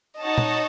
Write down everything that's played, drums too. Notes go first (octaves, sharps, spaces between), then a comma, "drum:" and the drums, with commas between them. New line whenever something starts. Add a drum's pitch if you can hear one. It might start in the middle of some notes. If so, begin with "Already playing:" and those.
D#4 F#4 C#5 D#5 F#5 A5
drum: tom A#2